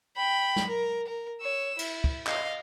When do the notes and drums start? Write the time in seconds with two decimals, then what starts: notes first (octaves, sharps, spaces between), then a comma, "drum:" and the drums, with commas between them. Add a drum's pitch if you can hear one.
0.16 G5 B5
0.56 drum: snare
0.67 A#4
1.07 A#4
1.41 C#5 E6
1.79 E4, drum: cymbal
2.04 drum: kick
2.27 D#5 F5, drum: clap